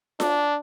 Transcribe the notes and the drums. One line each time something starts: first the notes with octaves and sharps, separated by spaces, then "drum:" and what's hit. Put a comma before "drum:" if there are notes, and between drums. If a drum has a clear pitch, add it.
D4, drum: snare F4